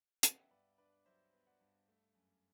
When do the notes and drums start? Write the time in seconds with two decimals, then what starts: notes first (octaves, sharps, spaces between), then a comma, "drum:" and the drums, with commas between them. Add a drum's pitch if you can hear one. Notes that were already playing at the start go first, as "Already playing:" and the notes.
0.23 B3 G5, drum: hi-hat
0.32 F#5
0.40 E5 G5
0.50 G2 B4 D5
0.78 D4 B4 D5
1.06 F#3 C5 E5
1.33 B3
1.47 D5 F#5
1.60 G2
1.88 A3
2.15 F#2